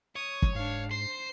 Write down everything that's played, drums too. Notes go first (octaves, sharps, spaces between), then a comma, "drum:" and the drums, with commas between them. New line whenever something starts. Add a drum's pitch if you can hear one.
C#5 D#6
drum: kick
G#2 D4 F5
C5 C7